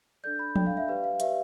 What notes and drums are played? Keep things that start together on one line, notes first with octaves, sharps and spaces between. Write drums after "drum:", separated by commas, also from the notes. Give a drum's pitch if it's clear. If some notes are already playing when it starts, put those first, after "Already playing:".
D4 A4 D5 G6
B5
D4 A4 D5 G5, drum: tom F3
F5
E5
G4 B4 D5 F5
F5
G4 B4 D5 E5, drum: hi-hat